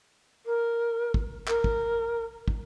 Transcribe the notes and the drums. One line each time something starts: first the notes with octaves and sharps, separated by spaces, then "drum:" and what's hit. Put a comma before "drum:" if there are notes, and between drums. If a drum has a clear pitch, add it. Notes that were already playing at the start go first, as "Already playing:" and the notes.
A#4
drum: kick
A#4, drum: clap
drum: kick
drum: kick